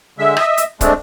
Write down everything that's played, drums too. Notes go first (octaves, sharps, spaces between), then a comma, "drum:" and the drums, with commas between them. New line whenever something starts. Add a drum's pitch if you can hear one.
D3 G#3 E5
D#5 E5, drum: rim click
drum: hi-hat
G#3 A3 C4 D4, drum: kick, hi-hat